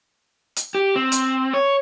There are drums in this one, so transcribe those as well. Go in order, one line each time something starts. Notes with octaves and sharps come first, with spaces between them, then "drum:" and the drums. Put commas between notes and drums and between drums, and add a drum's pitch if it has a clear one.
drum: hi-hat
G4
C4
drum: hi-hat
C#5